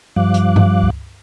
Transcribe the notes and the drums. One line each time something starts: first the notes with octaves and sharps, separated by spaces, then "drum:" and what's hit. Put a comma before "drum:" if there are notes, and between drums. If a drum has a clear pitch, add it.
G2 F3 G3 F5 D6 F#6
drum: hi-hat
drum: tom G2
drum: kick C#2